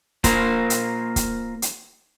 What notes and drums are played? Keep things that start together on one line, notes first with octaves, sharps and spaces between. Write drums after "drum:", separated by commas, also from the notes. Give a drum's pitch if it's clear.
A#3 F4 A#4 C5, drum: kick, hi-hat
drum: hi-hat
drum: kick, hi-hat
drum: hi-hat